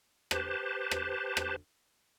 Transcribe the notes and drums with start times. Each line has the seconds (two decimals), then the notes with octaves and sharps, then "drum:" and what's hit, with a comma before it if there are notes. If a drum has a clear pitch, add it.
0.31 G4 B4 C5 A5, drum: rim click
0.91 drum: rim click
1.37 drum: rim click